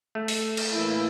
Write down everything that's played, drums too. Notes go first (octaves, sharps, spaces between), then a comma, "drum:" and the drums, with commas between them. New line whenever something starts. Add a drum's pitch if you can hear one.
A3
drum: open hi-hat
drum: cymbal
A2 E3 A#3 E4